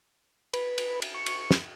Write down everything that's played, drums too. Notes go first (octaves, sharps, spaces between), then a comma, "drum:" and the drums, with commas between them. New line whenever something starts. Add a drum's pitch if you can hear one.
B4, drum: cymbal
drum: cymbal
drum: cymbal
C#6
drum: cymbal
drum: snare